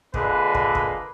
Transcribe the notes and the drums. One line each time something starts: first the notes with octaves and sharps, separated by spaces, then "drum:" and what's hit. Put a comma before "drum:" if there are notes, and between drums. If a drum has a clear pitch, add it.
A#2 D3 G#3 A#3 B4, drum: kick
drum: kick
drum: kick